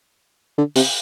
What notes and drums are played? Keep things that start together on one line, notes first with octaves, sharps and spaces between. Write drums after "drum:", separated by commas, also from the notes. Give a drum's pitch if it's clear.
D3
C3, drum: open hi-hat